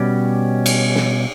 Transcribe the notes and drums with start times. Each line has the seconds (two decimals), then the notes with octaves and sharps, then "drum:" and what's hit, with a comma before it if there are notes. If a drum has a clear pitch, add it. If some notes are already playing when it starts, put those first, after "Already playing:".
Already playing: B2 G3 C#4 D5
0.66 drum: cymbal
0.95 drum: snare